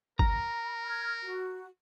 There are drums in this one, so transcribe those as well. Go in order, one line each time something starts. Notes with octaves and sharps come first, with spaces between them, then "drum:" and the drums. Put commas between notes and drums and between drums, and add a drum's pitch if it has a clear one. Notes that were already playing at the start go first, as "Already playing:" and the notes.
A#4 A#5, drum: kick
F6 G#6
F#4